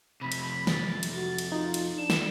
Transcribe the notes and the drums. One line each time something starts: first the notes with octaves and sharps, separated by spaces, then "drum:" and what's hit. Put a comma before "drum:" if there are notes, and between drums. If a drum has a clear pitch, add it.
F2 C3 B5
drum: cymbal
A6, drum: snare
drum: cymbal
F#4
drum: cymbal
D#4 F4
drum: cymbal
D4 E7
drum: snare